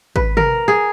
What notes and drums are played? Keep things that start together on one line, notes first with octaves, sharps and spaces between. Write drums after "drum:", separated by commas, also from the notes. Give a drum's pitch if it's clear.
B4, drum: kick G#1
A#4, drum: tom
G#4